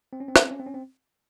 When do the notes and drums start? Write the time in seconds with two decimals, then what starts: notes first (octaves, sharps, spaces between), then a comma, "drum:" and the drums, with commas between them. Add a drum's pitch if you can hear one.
0.13 C4
0.20 C#4
0.28 C4
0.36 C#4, drum: rim click
0.44 C4
0.51 C#4
0.59 C4
0.66 C#4
0.74 C4